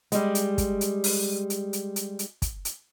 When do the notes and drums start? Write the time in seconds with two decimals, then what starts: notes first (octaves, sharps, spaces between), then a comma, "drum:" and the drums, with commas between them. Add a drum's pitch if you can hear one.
0.12 G3 G#3, drum: hi-hat
0.35 drum: hi-hat
0.58 drum: kick, hi-hat
0.81 drum: hi-hat
1.04 drum: open hi-hat
1.50 drum: hi-hat
1.73 drum: hi-hat
1.96 drum: hi-hat
2.19 drum: hi-hat
2.42 drum: kick, hi-hat
2.65 drum: hi-hat